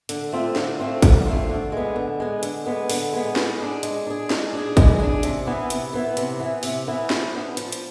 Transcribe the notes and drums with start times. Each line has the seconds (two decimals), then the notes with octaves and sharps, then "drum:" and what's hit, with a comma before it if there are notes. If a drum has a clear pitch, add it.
0.09 D3, drum: hi-hat
0.32 A3 C4 F4
0.56 D3, drum: snare
0.79 A3 C4 F4
1.02 D3, drum: kick, hi-hat
1.26 A3 C4 F4
1.50 D3
1.72 G#3 B3
1.96 D3
2.20 G#3 B3
2.43 D3, drum: hi-hat
2.66 G#3 B3
2.90 D3, drum: open hi-hat
3.13 G#3 B3
3.36 G#3, drum: snare
3.60 D4 G#4
3.83 G#3, drum: hi-hat
4.07 D4 G#4
4.30 G#3, drum: snare
4.53 D4 G#4
4.77 G#3, drum: kick, hi-hat
5.00 D4 G#4
5.23 C3, drum: hi-hat
5.46 E3 B3 E4
5.70 C3, drum: hi-hat
5.93 E3 B3 E4
6.17 C3, drum: hi-hat
6.39 E3 B3 E4
6.63 C3, drum: open hi-hat
6.87 E3 B3 E4
7.10 F3, drum: snare
7.33 B3 D4
7.57 F3, drum: hi-hat
7.72 drum: hi-hat